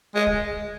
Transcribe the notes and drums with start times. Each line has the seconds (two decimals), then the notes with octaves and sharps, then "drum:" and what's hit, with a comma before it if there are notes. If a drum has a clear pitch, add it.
0.15 G#3
0.27 drum: kick